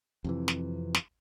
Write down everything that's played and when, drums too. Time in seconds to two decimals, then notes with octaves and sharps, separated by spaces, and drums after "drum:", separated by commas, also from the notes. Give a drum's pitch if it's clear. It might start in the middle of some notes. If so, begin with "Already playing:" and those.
0.24 F2 C3 E3
0.48 drum: snare
0.94 drum: snare